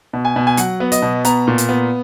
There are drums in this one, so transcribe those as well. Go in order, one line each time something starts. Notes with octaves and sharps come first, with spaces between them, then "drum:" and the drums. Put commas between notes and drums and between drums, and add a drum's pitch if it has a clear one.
B2
G#5
B2
G#5
F#3 F#5, drum: hi-hat
B3
D#5, drum: hi-hat
B2
B3 A#5, drum: hi-hat
A#2
drum: hi-hat
B3